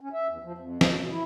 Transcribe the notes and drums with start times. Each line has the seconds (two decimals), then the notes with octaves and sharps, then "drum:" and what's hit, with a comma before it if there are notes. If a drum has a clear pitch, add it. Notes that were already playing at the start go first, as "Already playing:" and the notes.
0.01 C#4
0.13 E5
0.29 E2
0.43 F3
0.58 F2
0.81 D#5, drum: snare
0.95 B2
1.11 E4